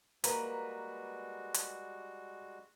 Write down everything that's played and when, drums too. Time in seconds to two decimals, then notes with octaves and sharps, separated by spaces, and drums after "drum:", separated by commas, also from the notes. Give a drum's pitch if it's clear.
0.24 G3 G#3 A#3 F#4 B4 A#5, drum: hi-hat
1.54 drum: hi-hat